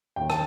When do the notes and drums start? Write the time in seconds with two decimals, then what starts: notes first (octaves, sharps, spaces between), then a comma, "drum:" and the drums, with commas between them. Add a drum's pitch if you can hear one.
0.16 D#2 D#3 G5
0.30 A5, drum: rim click